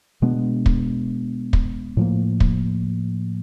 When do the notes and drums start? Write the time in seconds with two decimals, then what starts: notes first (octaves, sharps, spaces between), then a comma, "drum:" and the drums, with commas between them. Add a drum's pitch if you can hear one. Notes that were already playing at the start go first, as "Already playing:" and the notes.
0.22 B2 G#3 B3 D4
0.66 drum: kick
1.53 drum: kick
1.97 A2 F3 A#3
2.40 drum: kick